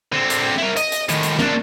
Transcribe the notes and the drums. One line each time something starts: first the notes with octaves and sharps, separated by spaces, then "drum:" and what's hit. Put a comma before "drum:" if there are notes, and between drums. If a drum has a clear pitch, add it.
D3 C4
drum: hi-hat
E4 A#4
D#5, drum: hi-hat
drum: hi-hat
A2 D#3, drum: hi-hat
drum: hi-hat
A#3 D4, drum: snare